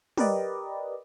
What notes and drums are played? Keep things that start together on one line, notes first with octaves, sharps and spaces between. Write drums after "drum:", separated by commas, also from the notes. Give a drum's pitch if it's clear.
G4 A#4 B4 D5 D#5, drum: tom